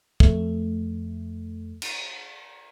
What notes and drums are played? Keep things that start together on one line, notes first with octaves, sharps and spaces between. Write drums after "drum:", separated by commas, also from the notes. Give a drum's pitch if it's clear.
F2 A3, drum: kick
drum: cymbal